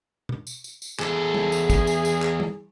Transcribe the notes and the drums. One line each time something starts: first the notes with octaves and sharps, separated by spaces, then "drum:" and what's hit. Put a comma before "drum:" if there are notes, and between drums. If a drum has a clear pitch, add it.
drum: tom
drum: tambourine
drum: tambourine
drum: tambourine
E2 G#4 A4, drum: clap
drum: tom
drum: tambourine
drum: kick, tambourine
drum: tambourine
drum: tambourine
drum: clap
drum: tom